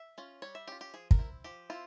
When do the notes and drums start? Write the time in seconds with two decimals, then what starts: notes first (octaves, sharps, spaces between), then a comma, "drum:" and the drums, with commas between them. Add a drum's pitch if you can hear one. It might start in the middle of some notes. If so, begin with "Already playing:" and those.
Already playing: E5
0.18 C#4 F4
0.42 G3 C#5
0.55 E5
0.68 C#4 F4 G4
0.81 G4
0.94 F3 G#4
1.11 A#4, drum: kick
1.19 C4 E4
1.44 F3 G4
1.70 C4 E4 F4